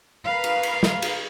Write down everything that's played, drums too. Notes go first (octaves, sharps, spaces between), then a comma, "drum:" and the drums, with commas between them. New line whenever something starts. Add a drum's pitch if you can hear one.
A#4 B4 F5
drum: cymbal
drum: cymbal
drum: snare
drum: cymbal